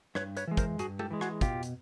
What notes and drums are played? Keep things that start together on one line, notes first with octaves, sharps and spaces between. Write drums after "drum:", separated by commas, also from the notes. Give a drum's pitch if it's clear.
G2 B4 C#5, drum: rim click
B4 C#5, drum: hi-hat
E3 G#3
A#4 C5, drum: kick, hi-hat
G2 F#4 G#4, drum: hi-hat
G4 A4, drum: tom G#3
E3 G#3
F#4 G#4, drum: rim click
B2 F4 G4, drum: kick, hi-hat
drum: hi-hat